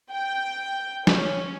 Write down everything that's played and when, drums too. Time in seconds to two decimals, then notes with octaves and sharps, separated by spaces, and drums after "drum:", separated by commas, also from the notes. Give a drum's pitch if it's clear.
0.11 G5
1.07 C#4, drum: snare